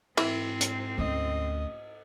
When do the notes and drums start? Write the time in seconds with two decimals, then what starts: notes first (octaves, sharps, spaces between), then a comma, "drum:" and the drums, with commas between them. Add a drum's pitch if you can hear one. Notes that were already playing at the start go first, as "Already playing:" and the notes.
0.17 G#2 E3 C4, drum: cymbal
0.61 drum: hi-hat
0.98 D2 C#4 D#5